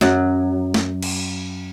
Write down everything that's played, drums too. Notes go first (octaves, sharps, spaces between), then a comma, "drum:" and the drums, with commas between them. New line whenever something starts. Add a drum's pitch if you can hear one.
F#2 F#3, drum: snare
drum: snare
drum: cymbal